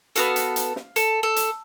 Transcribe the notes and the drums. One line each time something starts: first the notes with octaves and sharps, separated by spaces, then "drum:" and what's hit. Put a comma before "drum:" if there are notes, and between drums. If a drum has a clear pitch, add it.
B3 F#4 A4 F5, drum: hi-hat
drum: hi-hat
drum: hi-hat
drum: snare
A4, drum: hi-hat
A4
drum: hi-hat